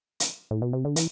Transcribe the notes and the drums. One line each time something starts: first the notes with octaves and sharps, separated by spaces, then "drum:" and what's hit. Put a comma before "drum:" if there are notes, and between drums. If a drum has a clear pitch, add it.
drum: hi-hat
A2
B2
C3
D3
E3, drum: hi-hat